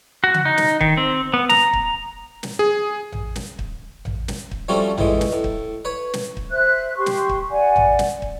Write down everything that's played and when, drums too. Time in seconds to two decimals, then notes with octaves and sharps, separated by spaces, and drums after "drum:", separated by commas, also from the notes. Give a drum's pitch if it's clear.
0.24 F#4
0.34 drum: tom C#3
0.45 D#4
0.58 drum: snare
0.81 D#3, drum: kick
0.97 C4
1.34 B3
1.49 A#5, drum: snare
1.73 drum: kick
2.43 drum: snare
2.59 G#4
3.12 drum: tom A1
3.36 drum: snare
3.59 drum: kick
4.05 drum: tom A1
4.28 drum: snare
4.51 drum: kick
4.69 F3 G3 A3 C4 C#4 F#4
4.98 C#2 A2 E3 G#3, drum: tom A1
5.21 drum: snare
5.33 A2
5.44 drum: kick
5.85 B4 C#5
6.14 drum: snare
6.37 drum: kick
6.50 C5 E5 F#6
6.97 G4 C6 C#6
7.06 drum: snare
7.29 drum: kick
7.51 D5 F#5 G#5
7.76 drum: tom A1
7.99 drum: snare
8.22 drum: kick